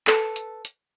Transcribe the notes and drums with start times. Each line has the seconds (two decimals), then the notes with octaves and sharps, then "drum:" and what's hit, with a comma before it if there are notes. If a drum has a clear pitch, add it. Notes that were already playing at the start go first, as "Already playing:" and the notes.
0.07 A4 B4, drum: clap
0.36 drum: hi-hat
0.65 drum: hi-hat